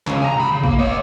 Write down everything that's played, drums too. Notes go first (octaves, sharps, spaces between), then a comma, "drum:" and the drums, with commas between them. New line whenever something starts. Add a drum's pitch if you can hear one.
C#2 C#3, drum: clap
G#5 A#5
C2 B5
C#3
A#3, drum: kick
C#5 D#5